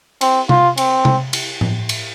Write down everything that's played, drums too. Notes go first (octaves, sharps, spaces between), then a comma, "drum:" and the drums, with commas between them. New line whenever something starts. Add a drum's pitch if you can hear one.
C4, drum: cymbal
F4, drum: tom C3
C4, drum: cymbal
drum: tom C3
drum: cymbal
drum: tom A2
drum: cymbal